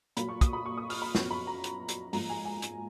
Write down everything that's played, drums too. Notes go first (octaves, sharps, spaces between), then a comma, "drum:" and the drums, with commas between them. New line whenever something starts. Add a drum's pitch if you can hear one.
A#2 F#3 A#3 B5, drum: hi-hat
C#6
D#6, drum: kick, hi-hat
B5
C#6
D#6
F6, drum: open hi-hat
B5
F#2 F3 B3 C#6, drum: snare
B5
A#5
drum: hi-hat
drum: hi-hat
G#2 F3 A#3 A#5, drum: open hi-hat
G#5
G#5
drum: hi-hat